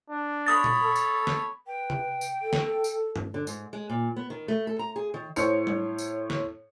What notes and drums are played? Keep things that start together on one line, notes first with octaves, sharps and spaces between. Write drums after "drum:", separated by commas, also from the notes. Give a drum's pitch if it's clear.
D4
C#5 B5 D#6 A6
drum: tom A#2
A4
drum: tambourine
drum: snare
B4 G5
drum: tom C3
drum: tambourine
A4
drum: snare
drum: tambourine
drum: tom G2
D3
G#2, drum: tambourine
G#3
A#2
B3
D#3
A3
A4
A#5
G#4
D#3
A2 C5 C#5 C#7, drum: tambourine
drum: tom G3
drum: tambourine
drum: snare